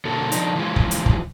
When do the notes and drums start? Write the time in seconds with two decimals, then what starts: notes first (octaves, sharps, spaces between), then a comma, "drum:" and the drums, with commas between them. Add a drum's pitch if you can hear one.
0.05 B2 D3 A#3 F#4 A4
0.32 F3 D4 D#4, drum: hi-hat
0.55 E3 F3 G#3 F4
0.76 drum: kick
0.91 drum: hi-hat
1.06 drum: kick